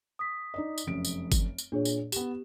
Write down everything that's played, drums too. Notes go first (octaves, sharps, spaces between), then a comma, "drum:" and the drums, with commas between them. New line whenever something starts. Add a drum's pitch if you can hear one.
D#6 B6
D#4 D5 D#5
drum: tambourine
F1 F#2 D7
drum: tambourine
drum: kick G1, tambourine
drum: tambourine
A#2 D4 G#4 C#5
drum: tambourine
B3 G4 E7, drum: tambourine